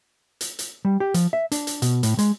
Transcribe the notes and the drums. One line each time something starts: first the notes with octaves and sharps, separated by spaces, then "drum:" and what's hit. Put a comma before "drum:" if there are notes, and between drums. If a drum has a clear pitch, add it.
drum: hi-hat
drum: hi-hat
G3
G4
F3, drum: hi-hat
E5
D4, drum: hi-hat
drum: hi-hat
B2, drum: hi-hat
A2, drum: hi-hat
G#3, drum: hi-hat